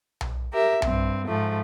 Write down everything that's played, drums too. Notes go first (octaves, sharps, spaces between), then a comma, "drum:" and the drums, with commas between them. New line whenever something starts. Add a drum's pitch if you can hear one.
drum: tom B1
G4 A#4 E5
G2 C4, drum: tom B1
G#2 F3 A3